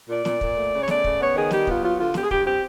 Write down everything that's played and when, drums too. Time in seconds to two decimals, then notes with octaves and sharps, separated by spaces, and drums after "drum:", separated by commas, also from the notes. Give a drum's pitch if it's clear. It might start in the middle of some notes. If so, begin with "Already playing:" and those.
0.09 A#2 D5
0.25 A#2, drum: snare
0.41 A#2, drum: kick
0.57 A3
0.72 C#3
0.81 C#5
0.88 A3 D5, drum: snare
1.04 C#3, drum: kick
1.19 B3 C#5
1.35 D#3 G#4
1.51 G3 G4, drum: snare
1.67 B3 F4, drum: kick
1.83 F#3 F4
1.98 D3 F4
2.14 G2 G4, drum: snare
2.23 G#4
2.31 G2 G4, drum: kick
2.46 C4 G4